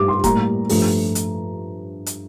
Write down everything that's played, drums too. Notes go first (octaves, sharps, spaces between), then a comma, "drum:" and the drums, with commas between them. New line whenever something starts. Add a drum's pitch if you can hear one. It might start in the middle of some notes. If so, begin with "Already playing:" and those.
Already playing: G2 G3 D6
C6
A2 G3 A#3 A#5, drum: kick E1, hi-hat
G2 F3 A3, drum: open hi-hat
drum: hi-hat
drum: hi-hat